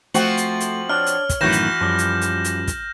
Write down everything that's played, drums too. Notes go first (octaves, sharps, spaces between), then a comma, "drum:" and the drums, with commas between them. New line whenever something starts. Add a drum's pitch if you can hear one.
F3 A3 C4 F#4 F#7, drum: hi-hat
drum: hi-hat
drum: hi-hat
D4 C#5 F6
drum: hi-hat
drum: kick, hi-hat
F#2 A2 D#3 E3 F#4 G6 A#6 E7
drum: hi-hat
F#2 F3 G3
drum: hi-hat
drum: hi-hat
drum: hi-hat
drum: kick, hi-hat